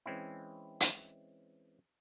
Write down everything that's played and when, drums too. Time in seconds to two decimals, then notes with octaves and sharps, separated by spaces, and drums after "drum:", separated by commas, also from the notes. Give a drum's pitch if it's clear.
0.06 E3 G#3 C4 C#4 E4
0.80 drum: hi-hat